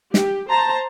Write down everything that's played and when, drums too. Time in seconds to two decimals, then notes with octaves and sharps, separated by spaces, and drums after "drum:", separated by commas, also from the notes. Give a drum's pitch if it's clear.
0.14 G4, drum: snare
0.50 C5 A5 A#5